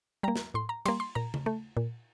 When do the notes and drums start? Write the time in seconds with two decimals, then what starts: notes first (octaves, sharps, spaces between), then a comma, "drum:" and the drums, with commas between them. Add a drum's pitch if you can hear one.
0.23 G3 A#3 A#5
0.36 drum: snare
0.54 A2 C6
0.69 A#5
0.86 G3 A#3 C6, drum: cymbal
1.00 C6
1.15 A#2 A#5
1.34 drum: tom C#3
1.46 A3
1.77 A#2